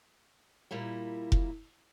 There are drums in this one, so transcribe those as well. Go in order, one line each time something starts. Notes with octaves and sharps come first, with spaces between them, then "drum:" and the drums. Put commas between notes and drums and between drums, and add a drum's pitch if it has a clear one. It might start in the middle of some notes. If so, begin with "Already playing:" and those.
A#2 G3 A#3 E4
drum: kick F1